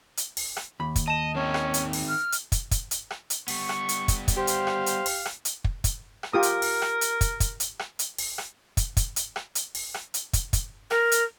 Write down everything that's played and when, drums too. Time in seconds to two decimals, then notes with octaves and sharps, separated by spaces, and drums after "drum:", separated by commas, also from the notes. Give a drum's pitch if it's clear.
0.17 drum: hi-hat
0.37 drum: open hi-hat
0.56 drum: rim click
0.80 D#2 B5
0.96 drum: kick, hi-hat
1.08 D#5 A5 E7
1.35 D#3 C4 C#4 D#4
1.54 drum: rim click
1.74 drum: hi-hat
1.93 drum: open hi-hat
2.09 F6
2.32 drum: hi-hat
2.52 drum: kick, hi-hat
2.71 drum: kick, hi-hat
2.91 drum: hi-hat
3.10 drum: rim click
3.30 drum: hi-hat
3.48 G3 B3 C#6, drum: open hi-hat
3.69 drum: rim click
3.89 drum: hi-hat
4.08 drum: kick, hi-hat
4.28 drum: kick, hi-hat
4.37 G4 C5 F5
4.47 drum: hi-hat
4.67 drum: rim click
4.86 drum: hi-hat
5.06 drum: open hi-hat
5.25 drum: rim click
5.45 drum: hi-hat
5.64 drum: kick
5.84 drum: kick, hi-hat
6.23 drum: rim click
6.33 F4 G4 A#4 D#6
6.43 drum: hi-hat
6.62 drum: open hi-hat
6.82 drum: rim click
7.01 drum: hi-hat
7.21 drum: kick, hi-hat
7.40 drum: kick, hi-hat
7.60 drum: hi-hat
7.79 drum: rim click
7.99 drum: hi-hat
8.18 drum: open hi-hat
8.38 drum: rim click
8.77 drum: kick, hi-hat
8.97 drum: kick, hi-hat
9.16 drum: hi-hat
9.36 drum: rim click
9.55 drum: hi-hat
9.75 drum: open hi-hat
9.94 drum: rim click
10.14 drum: hi-hat
10.33 drum: kick, hi-hat
10.53 drum: kick, hi-hat
10.91 A#4, drum: rim click
11.12 drum: hi-hat